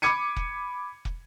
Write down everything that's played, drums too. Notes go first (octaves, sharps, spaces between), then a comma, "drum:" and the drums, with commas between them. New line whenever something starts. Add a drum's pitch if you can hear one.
B5 D6 G#6 C#7 D#7
drum: kick
drum: kick